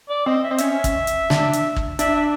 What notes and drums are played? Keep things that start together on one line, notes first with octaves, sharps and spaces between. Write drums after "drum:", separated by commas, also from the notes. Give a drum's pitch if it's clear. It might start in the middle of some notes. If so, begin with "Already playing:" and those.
D5
C4 D#5
E5
C4 D#5
C#4 E5, drum: hi-hat
drum: kick, hi-hat
drum: hi-hat
D4, drum: snare
drum: hi-hat
drum: kick
D4 E5, drum: hi-hat
E5